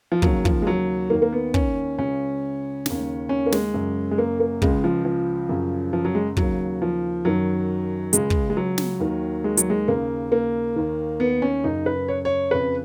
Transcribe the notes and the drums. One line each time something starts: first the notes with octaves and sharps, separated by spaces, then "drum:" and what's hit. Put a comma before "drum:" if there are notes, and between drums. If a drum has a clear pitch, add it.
F3
D#2 C#3 F#3, drum: kick
F3, drum: kick
G#3
F#3
D#2 D#3 A#3
A#3
B3
C#4, drum: kick
C#2 C#3 C#4
D#2 C#3, drum: snare
C#4
A#3
G#3, drum: snare
F#2 C#3
G#3
A#3
A#3
C#2 C#3 G#3, drum: kick
F3
F3
F#2 C#3
F3
F#3
G#3
D#2 C#3 F#3, drum: kick
F3
F#2 D#3 F#3
C#2 C#3 G#3, drum: hi-hat
drum: kick
G#3
F#3
drum: snare
D#2 D#3
G#3
F#3, drum: hi-hat
G#3
D#2 C#3 A#3
A#3
D#2 D#3
B3
C#4
F#2 C#3 D#4
B4
C#5
C#5
F2 C#3 B4